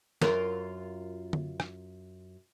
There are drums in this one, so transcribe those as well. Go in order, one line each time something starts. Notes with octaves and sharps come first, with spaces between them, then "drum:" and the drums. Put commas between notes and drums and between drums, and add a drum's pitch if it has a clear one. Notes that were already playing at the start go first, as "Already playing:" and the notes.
F#2 F4 A#4, drum: snare
drum: tom D3
drum: rim click